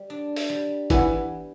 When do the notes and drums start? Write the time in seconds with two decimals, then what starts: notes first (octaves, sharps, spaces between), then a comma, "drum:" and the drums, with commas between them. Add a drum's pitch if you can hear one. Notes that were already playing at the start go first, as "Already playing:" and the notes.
Already playing: G3
0.10 D4
0.36 drum: open hi-hat
0.50 G3
0.90 E3 B3, drum: kick G1, hi-hat